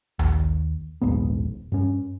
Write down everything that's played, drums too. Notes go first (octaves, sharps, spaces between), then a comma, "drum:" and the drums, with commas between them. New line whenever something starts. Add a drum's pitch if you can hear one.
D#2, drum: tom A#1
D#1 A#1 G#2 B3
G2 C#4